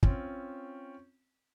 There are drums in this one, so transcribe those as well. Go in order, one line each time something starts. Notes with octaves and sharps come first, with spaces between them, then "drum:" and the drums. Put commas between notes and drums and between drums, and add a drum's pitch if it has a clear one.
C4 C#4 F4, drum: kick